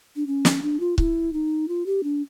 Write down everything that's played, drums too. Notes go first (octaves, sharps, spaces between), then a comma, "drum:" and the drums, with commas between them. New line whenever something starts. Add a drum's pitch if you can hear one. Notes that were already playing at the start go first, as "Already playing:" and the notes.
D4
C#4
drum: snare
D4
F4
E4, drum: kick C#1
D#4
F4
G4
D4